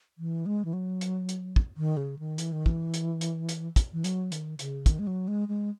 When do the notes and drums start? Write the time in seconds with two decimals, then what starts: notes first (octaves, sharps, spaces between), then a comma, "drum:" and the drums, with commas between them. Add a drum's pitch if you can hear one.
0.18 E3
0.46 G#3
0.65 E3
0.73 F#3
1.01 drum: hi-hat
1.29 drum: hi-hat
1.56 drum: kick
1.77 D#3
1.97 C#3
2.19 D#3
2.38 E3, drum: hi-hat
2.52 D#3
2.66 E3, drum: kick
2.94 drum: hi-hat
3.21 drum: hi-hat
3.49 drum: hi-hat
3.76 drum: kick, hi-hat
3.93 E3
4.04 F#3, drum: hi-hat
4.32 D#3, drum: hi-hat
4.59 C#3, drum: hi-hat
4.86 D#3, drum: kick, hi-hat
4.99 G#3
5.07 F#3
5.28 G#3
5.48 G#3